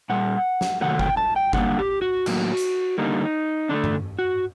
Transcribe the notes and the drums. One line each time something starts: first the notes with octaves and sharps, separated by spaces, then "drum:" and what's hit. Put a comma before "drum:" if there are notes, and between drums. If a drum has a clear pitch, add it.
A#2 G3 F#5
drum: snare
C3 D#3 F#3 A3 F#5
G5, drum: kick G1
A5, drum: tom G3
G5
D3 G3 A#3 F#5, drum: kick G1
G4
F#4
A2 F#3 A#3, drum: cymbal
drum: hi-hat
D3 G3 A#3 D#4
D3 A3 D4
drum: tom G2
F#4